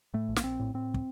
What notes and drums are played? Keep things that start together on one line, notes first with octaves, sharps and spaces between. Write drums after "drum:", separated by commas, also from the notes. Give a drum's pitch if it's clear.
A2 A3
A#1
A#3, drum: snare
A#1 C4
A2
A2 C4
drum: kick